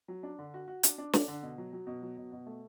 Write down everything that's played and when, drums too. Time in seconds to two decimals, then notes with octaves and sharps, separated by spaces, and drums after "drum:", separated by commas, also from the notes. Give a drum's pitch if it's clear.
0.08 F#3
0.23 D4
0.39 D3
0.54 F#4
0.68 F#4
0.83 D4, drum: hi-hat
0.98 D4
1.13 D4, drum: snare
1.28 D3
1.43 B2
1.58 F#3
1.73 F#3
1.87 B2
2.02 F#3
2.17 B2
2.32 B2
2.46 A3